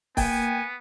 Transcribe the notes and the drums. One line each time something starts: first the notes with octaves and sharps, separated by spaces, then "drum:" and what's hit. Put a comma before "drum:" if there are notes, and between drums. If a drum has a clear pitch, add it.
A#3 B3 G5 G#5, drum: kick, open hi-hat